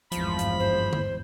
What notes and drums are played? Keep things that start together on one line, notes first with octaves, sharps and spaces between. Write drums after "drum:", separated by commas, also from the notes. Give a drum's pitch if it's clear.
G#1 E2 G2 F3 B5, drum: hi-hat
drum: hi-hat
C5
drum: tom D3